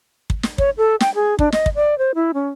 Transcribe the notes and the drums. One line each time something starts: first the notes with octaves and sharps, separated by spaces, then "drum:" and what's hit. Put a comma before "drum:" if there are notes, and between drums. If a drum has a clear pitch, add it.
drum: kick
drum: snare
C#5, drum: kick
A4
G5, drum: snare
G#4
D4, drum: kick
D#5, drum: snare
drum: kick
D5
C5
E4
C#4